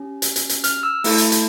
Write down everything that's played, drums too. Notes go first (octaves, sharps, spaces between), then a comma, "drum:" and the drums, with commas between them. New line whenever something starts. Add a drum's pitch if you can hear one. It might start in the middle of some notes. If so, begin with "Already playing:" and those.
Already playing: C#4 G4
drum: hi-hat
drum: hi-hat
drum: hi-hat
F6, drum: hi-hat
E6
A3 E4 A4, drum: open hi-hat
drum: hi-hat
drum: hi-hat